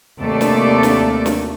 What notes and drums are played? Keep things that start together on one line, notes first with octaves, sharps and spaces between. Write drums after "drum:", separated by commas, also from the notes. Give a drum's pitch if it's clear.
D#2 C3 A3 A#3 A4 D5
drum: snare
drum: snare
drum: snare